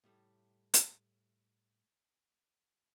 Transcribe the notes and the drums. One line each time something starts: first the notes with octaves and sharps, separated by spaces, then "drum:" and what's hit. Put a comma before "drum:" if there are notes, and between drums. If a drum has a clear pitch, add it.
A2 G3 A3
drum: hi-hat